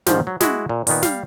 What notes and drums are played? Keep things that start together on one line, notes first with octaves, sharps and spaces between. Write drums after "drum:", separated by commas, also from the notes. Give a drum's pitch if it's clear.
G#2 D#3 F3 G3, drum: snare
F#3
G#3 E4 F#4, drum: snare
A#2
A#2 D#3 B3, drum: open hi-hat
G3 F5, drum: snare